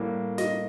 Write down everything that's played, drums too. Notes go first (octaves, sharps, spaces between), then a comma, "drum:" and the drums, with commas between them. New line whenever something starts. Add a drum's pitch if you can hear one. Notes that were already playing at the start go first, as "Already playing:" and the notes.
Already playing: A2 G3 A#3
D#5, drum: snare